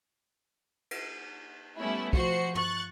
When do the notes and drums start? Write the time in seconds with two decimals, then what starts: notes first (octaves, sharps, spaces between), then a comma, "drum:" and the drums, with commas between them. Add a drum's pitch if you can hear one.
0.91 drum: cymbal
1.78 G3 A3 B3 C#4 E4
2.13 F3 F#4 C5 C#7, drum: kick
2.55 C#6 F#6 A6, drum: tom